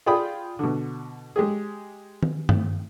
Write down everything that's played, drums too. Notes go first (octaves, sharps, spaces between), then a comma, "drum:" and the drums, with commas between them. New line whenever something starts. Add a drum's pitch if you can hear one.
F4 G#4 D5 G5 B5 D#6
B2 D3
G#3 G4 G#4
drum: tom D#3
drum: tom